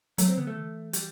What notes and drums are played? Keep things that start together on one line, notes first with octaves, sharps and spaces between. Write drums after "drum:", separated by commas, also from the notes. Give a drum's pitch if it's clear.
F#3 A3, drum: hi-hat
C4
D3 B3
A3
E3
G3, drum: hi-hat